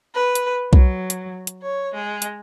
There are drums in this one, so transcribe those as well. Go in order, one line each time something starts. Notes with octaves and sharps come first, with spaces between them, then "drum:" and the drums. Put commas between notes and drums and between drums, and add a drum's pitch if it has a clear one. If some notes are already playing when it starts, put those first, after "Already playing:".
B4
drum: hi-hat
F#3, drum: kick B1
drum: hi-hat
drum: hi-hat
C#5
G#3
drum: hi-hat